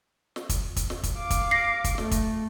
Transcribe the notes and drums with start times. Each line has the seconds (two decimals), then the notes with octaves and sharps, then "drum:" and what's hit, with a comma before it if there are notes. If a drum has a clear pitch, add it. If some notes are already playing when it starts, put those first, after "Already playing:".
0.36 drum: snare
0.49 drum: kick, hi-hat
0.76 drum: kick, hi-hat
0.90 drum: snare
1.03 drum: kick, hi-hat
1.18 F5 D6
1.30 drum: kick, hi-hat
1.51 A#6 C7 C#7
1.84 drum: kick, hi-hat
1.98 A3, drum: snare
2.11 drum: kick, hi-hat